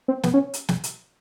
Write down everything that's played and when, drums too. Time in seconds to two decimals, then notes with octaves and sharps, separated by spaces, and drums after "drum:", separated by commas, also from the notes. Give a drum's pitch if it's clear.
0.08 C4
0.23 B3, drum: snare
0.34 C#4
0.54 drum: hi-hat
0.69 drum: snare
0.84 drum: hi-hat